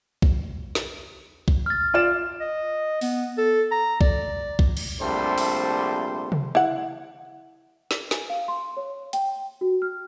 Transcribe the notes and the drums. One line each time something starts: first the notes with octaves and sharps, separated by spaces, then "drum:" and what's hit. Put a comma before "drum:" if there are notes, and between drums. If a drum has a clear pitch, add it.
drum: kick B1
drum: snare
drum: kick B1
F6 A6
F4 D5 E7
D#5
B3, drum: open hi-hat
A4
A#5
D5, drum: kick B1
drum: kick B1
drum: cymbal
A#1 C3 G3 A3 D4 C5
drum: open hi-hat
drum: tom C3
E4 F#5
drum: snare
G#5, drum: snare
F5
C6
C#5
G5, drum: hi-hat
F#4
F6